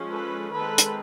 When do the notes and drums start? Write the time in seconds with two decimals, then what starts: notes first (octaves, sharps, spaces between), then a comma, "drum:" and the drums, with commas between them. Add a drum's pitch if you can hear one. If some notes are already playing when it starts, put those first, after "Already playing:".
Already playing: F3 G#3 C#4
0.11 A4 B4
0.52 D#3 G#3 C4 A4 B4
0.78 drum: hi-hat